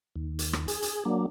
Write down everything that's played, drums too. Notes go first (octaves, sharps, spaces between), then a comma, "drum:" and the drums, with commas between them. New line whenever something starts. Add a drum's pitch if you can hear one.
D#2
drum: hi-hat
drum: rim click
G#4, drum: hi-hat
drum: hi-hat
F#3 A#3 D4